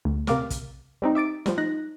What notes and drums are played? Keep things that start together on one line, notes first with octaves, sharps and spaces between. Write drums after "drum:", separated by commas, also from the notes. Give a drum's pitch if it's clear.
D2
C3 A#4 F5 D6 F6 A6, drum: snare
drum: kick, hi-hat
G3 C4 D#4
E5 D6 A6 D7
F3 G3, drum: snare
D#4 F#6 A#6